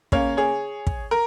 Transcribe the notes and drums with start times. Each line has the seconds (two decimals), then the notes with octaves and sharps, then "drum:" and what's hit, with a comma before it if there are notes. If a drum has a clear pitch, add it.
0.12 C#3 A#3 C#4 C#5 F5, drum: kick
0.37 G#4 C#5
0.87 drum: kick
1.11 A#4